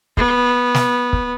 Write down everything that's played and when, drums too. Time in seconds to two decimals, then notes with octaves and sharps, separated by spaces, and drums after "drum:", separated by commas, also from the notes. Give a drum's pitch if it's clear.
0.17 B3, drum: kick
0.74 drum: snare
1.13 drum: kick